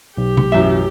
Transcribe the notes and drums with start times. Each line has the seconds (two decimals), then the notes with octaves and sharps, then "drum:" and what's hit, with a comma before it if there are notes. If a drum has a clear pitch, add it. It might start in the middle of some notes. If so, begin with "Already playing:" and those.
0.18 B1 G4
0.37 drum: tom C3
0.52 A1 F#2 E5